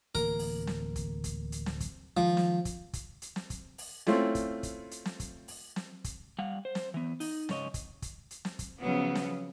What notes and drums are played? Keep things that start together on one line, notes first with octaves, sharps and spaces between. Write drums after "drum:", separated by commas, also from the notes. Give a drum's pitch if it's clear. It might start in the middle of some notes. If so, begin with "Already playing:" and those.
D1 E3 A#3 A#4
drum: open hi-hat
drum: snare
drum: kick, hi-hat
drum: kick, hi-hat
drum: hi-hat
drum: snare
drum: kick, hi-hat
D#3 F3 G#3
drum: snare
drum: kick, hi-hat
drum: kick, hi-hat
drum: hi-hat
drum: snare
drum: kick, hi-hat
drum: open hi-hat
A3 C4 C#4 E4 F4, drum: snare
drum: kick, hi-hat
drum: kick, hi-hat
drum: hi-hat
drum: snare
drum: kick, hi-hat
drum: open hi-hat
drum: snare
drum: kick, hi-hat
G3 F5 F#5
C5
drum: snare
E3 B3
D#4, drum: open hi-hat
G#2 C#3 C#5 D#5, drum: snare
drum: kick, hi-hat
drum: kick, hi-hat
drum: hi-hat
drum: snare
drum: kick, hi-hat
C#3 F3 F#3 B3
drum: snare